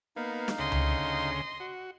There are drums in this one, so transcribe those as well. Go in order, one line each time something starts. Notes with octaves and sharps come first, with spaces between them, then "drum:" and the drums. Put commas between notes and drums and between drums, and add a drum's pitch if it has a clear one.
A#3 B3 D#4 F5
drum: snare
D2 C#3 D#5 C6
drum: tom C#2
F#4